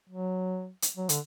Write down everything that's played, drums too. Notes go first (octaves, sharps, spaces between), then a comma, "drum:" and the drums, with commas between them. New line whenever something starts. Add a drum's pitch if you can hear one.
F#3
drum: hi-hat
F#3
D3, drum: hi-hat